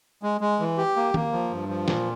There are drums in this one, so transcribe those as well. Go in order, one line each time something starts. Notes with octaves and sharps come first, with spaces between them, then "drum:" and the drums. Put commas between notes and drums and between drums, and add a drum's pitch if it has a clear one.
G#3
G#3
E3
G4
A#3
A#3, drum: tom D#3
F3
G2
F3
A#2, drum: snare E3